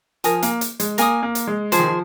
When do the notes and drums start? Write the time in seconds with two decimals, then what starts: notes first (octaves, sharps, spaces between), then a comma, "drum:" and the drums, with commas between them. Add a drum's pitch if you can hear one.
0.24 F3 A#4 G#5 D#6, drum: hi-hat
0.43 A#3, drum: hi-hat
0.61 drum: hi-hat
0.80 G#3, drum: hi-hat
0.98 A#3 A#4 G#5 D#6, drum: hi-hat
1.23 A#3
1.35 drum: hi-hat
1.47 G#3
1.72 F3 G#4 C5 G#5, drum: hi-hat
1.79 D#3
1.87 F3